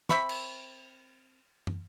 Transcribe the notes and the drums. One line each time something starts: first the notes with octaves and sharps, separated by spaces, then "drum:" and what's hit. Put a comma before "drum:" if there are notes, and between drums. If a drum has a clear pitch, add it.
C4 E5 B5 C#6, drum: snare
drum: cymbal
drum: tom